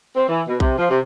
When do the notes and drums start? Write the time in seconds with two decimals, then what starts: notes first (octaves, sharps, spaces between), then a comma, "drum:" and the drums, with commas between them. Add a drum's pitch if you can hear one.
0.16 C4
0.28 E3
0.47 B2
0.60 C3, drum: kick B1
0.78 F3
0.89 C3